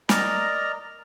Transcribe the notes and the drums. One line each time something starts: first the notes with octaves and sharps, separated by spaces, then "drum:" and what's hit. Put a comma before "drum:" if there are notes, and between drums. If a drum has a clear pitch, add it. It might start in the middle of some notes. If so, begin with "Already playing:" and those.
A#4 D5 D#5 A#5, drum: snare